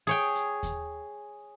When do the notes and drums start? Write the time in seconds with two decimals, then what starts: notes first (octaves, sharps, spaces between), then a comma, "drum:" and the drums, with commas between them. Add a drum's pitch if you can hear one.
0.07 G#4 C#5 G5, drum: hi-hat
0.35 drum: hi-hat
0.63 drum: kick D#2, hi-hat